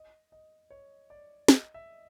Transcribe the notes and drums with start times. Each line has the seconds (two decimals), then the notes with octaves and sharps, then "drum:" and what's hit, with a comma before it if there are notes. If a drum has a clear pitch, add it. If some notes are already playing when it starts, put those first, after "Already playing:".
Already playing: D#5
0.32 D#5
0.70 C#5
1.10 D5
1.48 D#5, drum: snare
1.74 E5